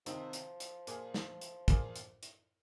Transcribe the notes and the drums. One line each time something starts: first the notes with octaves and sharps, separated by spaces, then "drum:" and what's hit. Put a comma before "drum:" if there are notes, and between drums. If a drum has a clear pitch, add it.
C3 D#3 F3 C4 D#4, drum: hi-hat
drum: hi-hat
drum: hi-hat
A#2 A#3 G#4, drum: hi-hat
drum: snare
drum: hi-hat
A#2 A#3 F4 G#4, drum: kick, hi-hat
drum: hi-hat
drum: hi-hat